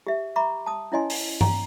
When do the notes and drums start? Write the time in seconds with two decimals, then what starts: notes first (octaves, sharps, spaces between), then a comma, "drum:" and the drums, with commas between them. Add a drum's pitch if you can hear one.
0.07 G4 E5
0.36 E5 A#5 B5 C#6 D6
0.66 A5 D#6
0.92 C#4 E4 C#5 D#5 G#5 C6
1.10 drum: open hi-hat
1.41 G5 A#5, drum: tom G2